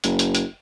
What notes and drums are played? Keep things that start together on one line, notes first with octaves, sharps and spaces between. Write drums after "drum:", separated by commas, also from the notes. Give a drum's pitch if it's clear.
F#1, drum: hi-hat
drum: hi-hat
drum: hi-hat